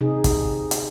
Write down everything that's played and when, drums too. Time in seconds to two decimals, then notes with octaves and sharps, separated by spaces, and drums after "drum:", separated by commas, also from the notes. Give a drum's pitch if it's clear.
0.01 C3 D#4 G#4
0.24 drum: kick, hi-hat
0.71 drum: hi-hat